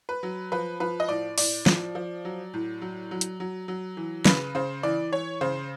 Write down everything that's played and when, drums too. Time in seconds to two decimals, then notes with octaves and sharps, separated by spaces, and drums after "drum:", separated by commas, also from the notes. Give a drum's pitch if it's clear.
0.09 B4
0.23 F#3
0.52 F3 B4
0.80 F3 B4
1.00 D#5
1.09 A2 D5
1.38 A2 D5, drum: open hi-hat
1.66 F3, drum: snare
1.95 F3
2.25 F#3
2.54 A2
2.82 F#3
3.11 F#3
3.21 drum: hi-hat
3.40 F#3
3.68 F#3
3.97 E3
4.25 C#3 B4, drum: snare
4.55 C#3 C5
4.83 E3 D5
5.12 E3 C#5
5.41 C#3 C5